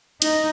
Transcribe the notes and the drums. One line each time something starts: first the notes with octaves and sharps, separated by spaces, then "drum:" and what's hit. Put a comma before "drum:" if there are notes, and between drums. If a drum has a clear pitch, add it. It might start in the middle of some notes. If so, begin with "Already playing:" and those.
D#4, drum: cymbal